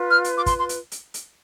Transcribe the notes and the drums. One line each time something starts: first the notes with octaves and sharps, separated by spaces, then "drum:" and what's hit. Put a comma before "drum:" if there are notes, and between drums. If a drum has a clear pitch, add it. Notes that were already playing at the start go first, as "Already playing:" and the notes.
Already playing: F4 B4
F6
drum: hi-hat
D6
C6, drum: kick, hi-hat
C6
drum: hi-hat
drum: hi-hat
drum: hi-hat